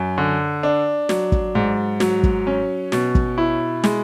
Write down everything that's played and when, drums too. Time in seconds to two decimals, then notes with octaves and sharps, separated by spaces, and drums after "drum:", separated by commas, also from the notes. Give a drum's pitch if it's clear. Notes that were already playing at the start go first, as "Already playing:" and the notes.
Already playing: F#2
0.18 D3
0.63 D4
1.09 F#3, drum: snare
1.32 drum: kick
1.55 G#2
2.00 F#3, drum: snare
2.23 drum: kick
2.47 C#4
2.92 B2, drum: snare
3.15 drum: kick
3.38 E4
3.84 G#3, drum: snare